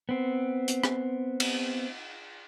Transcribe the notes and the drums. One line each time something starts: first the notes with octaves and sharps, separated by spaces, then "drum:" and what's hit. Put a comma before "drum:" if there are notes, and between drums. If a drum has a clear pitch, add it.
B3 C4
drum: hi-hat
drum: rim click
drum: cymbal